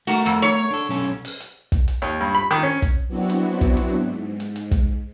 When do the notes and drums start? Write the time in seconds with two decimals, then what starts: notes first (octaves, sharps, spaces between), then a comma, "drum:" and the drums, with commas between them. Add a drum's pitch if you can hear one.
0.07 A3 F#4 A#4
0.26 F2
0.42 C#5
0.71 D4 A4
0.89 B1 C#4 A4
1.25 drum: open hi-hat
1.40 drum: hi-hat
1.72 drum: kick, hi-hat
1.88 drum: hi-hat
2.02 D#2, drum: hi-hat
2.21 G2
2.35 B5
2.51 D#3, drum: hi-hat
2.63 C#4
2.82 drum: kick, hi-hat
3.08 F#3 B3 C4 D4 E4 F#4
3.30 drum: hi-hat
3.61 drum: kick, hi-hat
3.77 drum: hi-hat
3.97 G#2
4.40 drum: hi-hat
4.56 drum: hi-hat
4.71 drum: kick, hi-hat